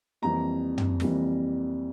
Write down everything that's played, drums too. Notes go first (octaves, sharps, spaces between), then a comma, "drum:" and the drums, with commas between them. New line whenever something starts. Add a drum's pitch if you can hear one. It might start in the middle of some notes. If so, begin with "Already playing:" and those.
F2 E3 G3 A#3 A#5
drum: tom
F2 E3 G3 A#3, drum: snare